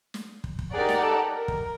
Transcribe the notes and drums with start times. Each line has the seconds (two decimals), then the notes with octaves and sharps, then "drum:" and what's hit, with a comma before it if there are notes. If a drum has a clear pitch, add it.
0.14 drum: snare
0.44 drum: kick
0.59 drum: kick
0.74 D#4 G4 G#4 A#4 D5 F#5
0.89 drum: snare
1.03 A4
1.33 A#4
1.48 drum: kick